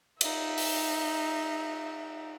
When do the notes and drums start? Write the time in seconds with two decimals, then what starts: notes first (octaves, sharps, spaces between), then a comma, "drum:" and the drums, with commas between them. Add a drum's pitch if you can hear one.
0.21 D#4 E5, drum: cymbal
0.58 drum: open hi-hat